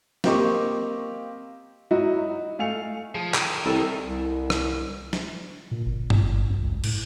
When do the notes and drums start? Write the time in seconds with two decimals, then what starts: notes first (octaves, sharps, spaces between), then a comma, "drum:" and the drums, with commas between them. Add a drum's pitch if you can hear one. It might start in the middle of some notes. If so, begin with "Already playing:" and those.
0.24 A#3 C4 G4 D#5 C#6 D6, drum: snare
1.91 F#3 D#4 E4 F#4
2.59 A3 F5 G#5 C#7 F7
3.15 F3 G#4
3.34 D#3, drum: clap
3.65 C2 A4
4.04 C2
4.50 drum: rim click
5.13 drum: snare
5.71 A#2
5.86 G1
6.10 G1, drum: tom G2
6.28 G#1
6.49 F#2
6.61 C#2
6.84 A2, drum: cymbal